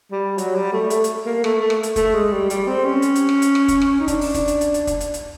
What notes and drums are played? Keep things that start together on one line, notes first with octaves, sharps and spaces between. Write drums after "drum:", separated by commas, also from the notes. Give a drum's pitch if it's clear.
G3
F#3, drum: hi-hat
G3
A3
A3, drum: hi-hat
drum: hi-hat
A#3
A3, drum: rim click
A3
drum: rim click
drum: hi-hat
A3, drum: kick, hi-hat
G#3
G3
G3, drum: hi-hat
C4
C#4
drum: hi-hat
drum: hi-hat
drum: rim click
drum: hi-hat
drum: rim click
drum: kick, hi-hat
drum: rim click
D#4
D4, drum: kick, hi-hat
drum: open hi-hat
drum: kick, hi-hat
drum: hi-hat
drum: hi-hat
drum: hi-hat
drum: kick, hi-hat
drum: hi-hat
drum: hi-hat